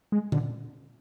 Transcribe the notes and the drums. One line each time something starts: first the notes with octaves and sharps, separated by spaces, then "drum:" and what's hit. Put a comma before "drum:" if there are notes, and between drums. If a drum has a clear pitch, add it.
G#3
D3, drum: tom A#2